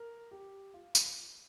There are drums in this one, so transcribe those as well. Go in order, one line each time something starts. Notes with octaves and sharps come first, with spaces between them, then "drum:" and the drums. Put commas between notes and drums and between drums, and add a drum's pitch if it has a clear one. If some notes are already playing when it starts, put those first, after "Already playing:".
Already playing: A#4
G4
F4
drum: tambourine